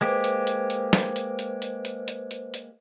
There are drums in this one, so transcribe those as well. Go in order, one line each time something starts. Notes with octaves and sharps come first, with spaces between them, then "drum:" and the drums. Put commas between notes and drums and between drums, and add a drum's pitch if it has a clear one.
G#3 A#3 G4 B4 C5
drum: hi-hat
drum: hi-hat
drum: hi-hat
drum: snare
drum: hi-hat
drum: hi-hat
drum: hi-hat
drum: hi-hat
drum: hi-hat
drum: hi-hat
drum: hi-hat